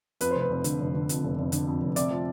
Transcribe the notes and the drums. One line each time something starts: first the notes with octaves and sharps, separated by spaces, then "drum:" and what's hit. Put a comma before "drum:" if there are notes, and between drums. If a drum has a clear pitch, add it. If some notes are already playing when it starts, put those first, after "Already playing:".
F2 B4, drum: hi-hat
F1 C5
B4
F1
D3, drum: hi-hat
F1
D3
F2, drum: hi-hat
F1
F1
D3, drum: hi-hat
F2
F1
C3 D5, drum: hi-hat
F3